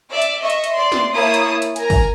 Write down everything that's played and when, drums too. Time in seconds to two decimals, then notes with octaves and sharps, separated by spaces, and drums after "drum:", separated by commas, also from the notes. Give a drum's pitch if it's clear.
0.11 D5 E5
0.22 drum: hi-hat
0.40 D#5 E5 C#6
0.50 drum: hi-hat
0.64 drum: hi-hat
0.73 D5 C6
0.92 drum: snare
1.12 A#3 E4 C#5 A5 D#6
1.34 drum: hi-hat
1.62 drum: hi-hat
1.76 A#4 G#5 A#5, drum: hi-hat
1.90 drum: kick, open hi-hat